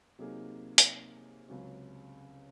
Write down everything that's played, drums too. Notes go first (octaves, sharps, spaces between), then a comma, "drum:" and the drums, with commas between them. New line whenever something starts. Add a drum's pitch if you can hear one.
C3 F#3 A#3 D#4 G#4
drum: hi-hat
C#2 C3 F#3 C#4